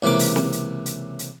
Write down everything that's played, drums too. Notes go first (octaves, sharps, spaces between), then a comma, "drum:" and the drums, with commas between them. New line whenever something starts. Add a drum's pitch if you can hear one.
C#2 C3 E3 A#3 D6
drum: open hi-hat
drum: snare
drum: hi-hat
drum: hi-hat
drum: hi-hat